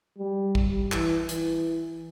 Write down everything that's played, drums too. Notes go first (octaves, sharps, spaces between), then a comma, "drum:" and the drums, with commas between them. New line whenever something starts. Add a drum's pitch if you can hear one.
G3
drum: kick A#1
E3, drum: clap
E3, drum: hi-hat